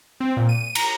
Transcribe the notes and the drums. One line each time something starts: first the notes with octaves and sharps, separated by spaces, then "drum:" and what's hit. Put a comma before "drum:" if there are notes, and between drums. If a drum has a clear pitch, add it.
C4
A#2
D#7
A#5, drum: cymbal